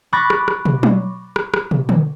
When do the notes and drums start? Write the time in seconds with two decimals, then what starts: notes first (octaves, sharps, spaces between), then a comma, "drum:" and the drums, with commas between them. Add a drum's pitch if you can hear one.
0.13 B5 C#6 D6 F#6 A6 A#6
0.30 drum: rim click
0.48 drum: rim click
0.65 drum: tom
0.83 drum: tom F#3
1.36 drum: rim click
1.54 drum: rim click
1.71 drum: tom
1.89 drum: tom D3